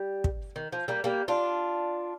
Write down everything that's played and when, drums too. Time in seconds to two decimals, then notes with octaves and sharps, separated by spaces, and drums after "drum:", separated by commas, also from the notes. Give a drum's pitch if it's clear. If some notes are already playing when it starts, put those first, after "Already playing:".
Already playing: G3
0.24 drum: kick
0.56 D#3
0.73 F3
0.88 G3 A#3
1.04 G3 A#3
1.28 D4 F4